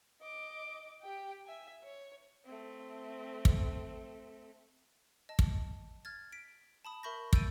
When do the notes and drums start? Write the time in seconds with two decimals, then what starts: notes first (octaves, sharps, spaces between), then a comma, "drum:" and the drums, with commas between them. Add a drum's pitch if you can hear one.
0.21 D#5 D6
1.02 G4 G5
1.46 E5 G#5
1.84 C#5
2.45 A3 C4
3.45 drum: kick
5.29 D#5 A5
5.39 drum: kick
6.05 F6 G#6 A6
6.32 B6 D7
6.85 A5 B5 D#6
7.03 A#4 E5 B5 C#6 G6 A#6
7.33 E6 G6 A6 D7 D#7, drum: kick